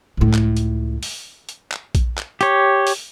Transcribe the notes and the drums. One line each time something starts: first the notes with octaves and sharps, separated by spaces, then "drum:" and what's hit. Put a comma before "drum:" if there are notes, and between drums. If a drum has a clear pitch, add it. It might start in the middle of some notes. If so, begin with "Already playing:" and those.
C#2 A2
drum: clap
drum: hi-hat
drum: open hi-hat
drum: hi-hat
drum: clap
drum: kick A#1, hi-hat
drum: clap
G4 C#5, drum: hi-hat
drum: open hi-hat